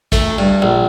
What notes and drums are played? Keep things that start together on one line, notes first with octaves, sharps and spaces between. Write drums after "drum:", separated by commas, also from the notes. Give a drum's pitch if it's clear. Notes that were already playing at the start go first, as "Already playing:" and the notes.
A3, drum: kick, cymbal
G2
A#1